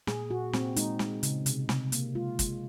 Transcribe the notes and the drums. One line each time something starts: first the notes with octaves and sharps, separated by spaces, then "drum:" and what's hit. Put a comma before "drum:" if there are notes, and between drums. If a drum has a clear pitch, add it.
A#2 G#4, drum: snare
A#2 F#4
A#2 C4, drum: snare
G#3 D#4, drum: hi-hat
G#3, drum: snare
C#3, drum: hi-hat
C3, drum: hi-hat
C3, drum: snare
A#3, drum: hi-hat
G#3 F4
G#3, drum: kick, hi-hat